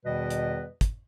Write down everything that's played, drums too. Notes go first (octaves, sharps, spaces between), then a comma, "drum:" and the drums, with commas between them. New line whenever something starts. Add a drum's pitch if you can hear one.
E2 B2 D#3 G3 B4 D#5
drum: hi-hat
drum: kick, hi-hat